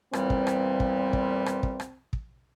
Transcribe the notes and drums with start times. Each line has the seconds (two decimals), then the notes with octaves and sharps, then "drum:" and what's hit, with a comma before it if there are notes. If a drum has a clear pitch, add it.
0.13 E2 A#2 G3 C4, drum: rim click
0.30 drum: kick
0.47 drum: rim click
0.80 drum: kick
1.13 drum: kick
1.46 drum: rim click
1.63 drum: kick
1.80 drum: rim click
2.13 drum: kick